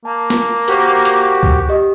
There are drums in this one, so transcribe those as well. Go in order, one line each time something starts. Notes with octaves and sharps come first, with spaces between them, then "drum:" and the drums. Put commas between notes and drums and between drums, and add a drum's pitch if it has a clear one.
A#3 A5
drum: snare
F#4 G4 A#4 C5, drum: hi-hat
drum: hi-hat
drum: kick C#2
G4 D#5